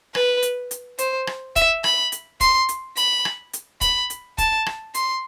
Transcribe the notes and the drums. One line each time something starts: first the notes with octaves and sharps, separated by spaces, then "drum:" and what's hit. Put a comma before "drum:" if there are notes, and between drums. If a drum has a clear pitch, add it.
B4, drum: rim click
drum: hi-hat
drum: hi-hat
C5, drum: hi-hat
drum: rim click
E5, drum: kick, hi-hat
B5, drum: rim click
drum: hi-hat
C6, drum: kick, hi-hat
drum: hi-hat
B5, drum: hi-hat
drum: rim click
drum: hi-hat
B5, drum: kick, hi-hat
drum: hi-hat
A5, drum: kick, hi-hat
drum: rim click
C6, drum: hi-hat